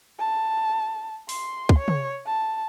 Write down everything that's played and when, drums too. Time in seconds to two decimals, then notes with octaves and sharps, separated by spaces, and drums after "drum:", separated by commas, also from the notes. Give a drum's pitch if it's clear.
0.19 A5
1.29 C6, drum: open hi-hat
1.69 drum: kick
1.79 C#5
1.88 drum: tom
2.26 A5